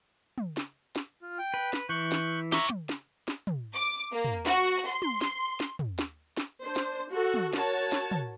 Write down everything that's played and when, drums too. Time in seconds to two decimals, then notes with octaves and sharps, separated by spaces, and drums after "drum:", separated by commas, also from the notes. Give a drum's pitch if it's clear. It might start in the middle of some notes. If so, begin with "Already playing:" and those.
0.38 drum: tom
0.57 drum: snare
0.96 drum: snare
1.22 F4
1.39 G5
1.54 B4
1.73 drum: snare
1.89 E3 C#6 F#6 G6
2.12 drum: snare
2.52 G4 C#5 E5 A#5, drum: snare
2.70 drum: tom
2.89 drum: snare
3.28 drum: snare
3.47 drum: tom
3.74 D6
4.12 A#3
4.25 drum: tom
4.46 F#4, drum: snare
4.88 C6
5.02 drum: tom
5.21 drum: snare
5.60 drum: snare
5.79 drum: tom
5.99 drum: snare
6.37 drum: snare
6.63 D4 C5
6.76 drum: snare
7.10 F#4 A4
7.34 drum: tom
7.53 F#4 A#4 C#5 A5, drum: snare
7.92 drum: snare
8.11 drum: tom